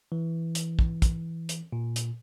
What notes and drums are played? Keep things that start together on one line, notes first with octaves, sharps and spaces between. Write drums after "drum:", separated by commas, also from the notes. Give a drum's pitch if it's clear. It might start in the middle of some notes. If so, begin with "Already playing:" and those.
E3
drum: hi-hat
drum: kick
drum: kick, hi-hat
drum: hi-hat
A#2
drum: hi-hat